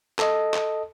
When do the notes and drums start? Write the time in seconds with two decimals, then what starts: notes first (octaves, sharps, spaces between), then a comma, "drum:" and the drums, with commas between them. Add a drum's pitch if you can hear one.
0.19 A4 D#5, drum: clap
0.54 drum: clap